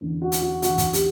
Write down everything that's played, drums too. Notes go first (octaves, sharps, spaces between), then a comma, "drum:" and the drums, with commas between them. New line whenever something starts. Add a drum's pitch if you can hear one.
E2 D3
F#4
drum: hi-hat
F#4
E2 D3 F#4, drum: hi-hat
drum: kick, hi-hat
G4, drum: hi-hat